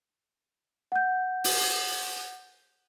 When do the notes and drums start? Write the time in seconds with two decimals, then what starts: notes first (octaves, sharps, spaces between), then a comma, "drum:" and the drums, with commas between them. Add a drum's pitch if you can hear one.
0.92 F#5 G6
1.44 drum: open hi-hat